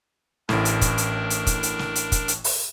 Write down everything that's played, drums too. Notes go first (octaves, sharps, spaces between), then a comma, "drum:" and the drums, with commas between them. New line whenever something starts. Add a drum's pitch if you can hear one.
A1 A2 D4 A#4, drum: snare
drum: hi-hat
drum: kick, hi-hat
drum: hi-hat
drum: hi-hat
drum: kick, hi-hat
drum: hi-hat
drum: snare
drum: hi-hat
drum: kick, hi-hat
drum: hi-hat
drum: open hi-hat